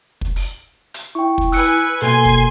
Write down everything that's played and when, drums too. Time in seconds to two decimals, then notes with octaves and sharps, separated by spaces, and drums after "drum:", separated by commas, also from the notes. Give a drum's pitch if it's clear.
0.21 drum: kick
0.36 drum: open hi-hat
0.94 drum: hi-hat
1.15 E4 G5 C#6
1.38 drum: kick
1.52 B4 G#5 E6 F#6 C#7, drum: open hi-hat
2.02 B2 A#3 A4 G#5 C6 G#6
2.25 drum: kick